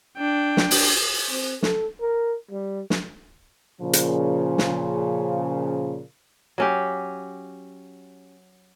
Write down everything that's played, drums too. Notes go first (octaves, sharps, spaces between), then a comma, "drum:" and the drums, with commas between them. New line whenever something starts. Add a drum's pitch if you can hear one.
D4 G5
drum: snare
drum: open hi-hat
C4
A4, drum: snare
A#4
G3
drum: snare
A#2 C#3 F3
drum: hi-hat
drum: snare
F#3 C#4 G4